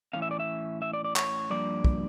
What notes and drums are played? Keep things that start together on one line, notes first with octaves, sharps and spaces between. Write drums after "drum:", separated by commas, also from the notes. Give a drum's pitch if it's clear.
A2 E3 A#3 C#4 F5
E5
D5
E5
E5
D5
D5
C#5, drum: clap
G2 F3 A#3 D5
drum: kick